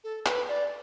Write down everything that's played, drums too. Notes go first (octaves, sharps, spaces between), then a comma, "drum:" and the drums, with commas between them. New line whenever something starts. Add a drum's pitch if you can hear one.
A4
B4, drum: clap
D5